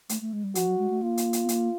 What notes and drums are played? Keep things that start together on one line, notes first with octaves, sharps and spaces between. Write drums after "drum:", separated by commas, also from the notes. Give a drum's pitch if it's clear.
A3, drum: hi-hat
A3
G#3
G3
F3 F#4, drum: hi-hat
F#3
G#3
A3
A#3 F4
drum: hi-hat
drum: hi-hat
B3
A#3, drum: hi-hat